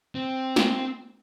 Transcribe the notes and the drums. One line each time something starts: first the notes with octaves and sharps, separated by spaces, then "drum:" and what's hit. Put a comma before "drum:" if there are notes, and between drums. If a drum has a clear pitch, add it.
C4
drum: snare